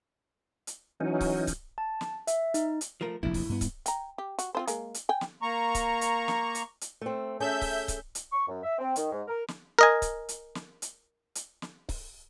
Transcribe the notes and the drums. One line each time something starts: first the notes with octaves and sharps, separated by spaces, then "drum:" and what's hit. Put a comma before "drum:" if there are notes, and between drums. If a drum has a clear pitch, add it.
drum: hi-hat
E3 F#3 C#4 D#4
drum: kick C#1, open hi-hat
drum: kick C#1, hi-hat
A5
drum: snare
E5, drum: hi-hat
D#4, drum: hi-hat
drum: hi-hat
F3 A3 A#4
F1 A#1 E2 E4
drum: kick C#1, open hi-hat
G2 B3
drum: kick C#1, hi-hat
G5 A#5, drum: hi-hat
G4
F#4, drum: hi-hat
C4 F4 C5
G#3 A#3, drum: hi-hat
drum: hi-hat
G5 G#5
drum: snare
A#3 A#5 C#6
drum: kick C#1, hi-hat
drum: hi-hat
drum: snare
drum: hi-hat
drum: hi-hat
A3 C4
C#4 G#4 A4 E5 G6
drum: kick C#1, open hi-hat
drum: kick C#1, hi-hat
drum: hi-hat
C#6
F#2
E5
C4
D#3, drum: hi-hat
G#2
A#4
drum: snare
A#4 D#5 G#5
drum: kick C#1, hi-hat
drum: hi-hat
drum: snare
drum: hi-hat
drum: hi-hat
drum: snare
drum: kick C#1, open hi-hat